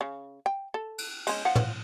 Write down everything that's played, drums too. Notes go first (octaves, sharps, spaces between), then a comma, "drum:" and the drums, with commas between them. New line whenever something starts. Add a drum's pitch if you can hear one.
C#3
G5
A4
drum: cymbal
G#3 C#4, drum: cymbal
F3 F#5
drum: tom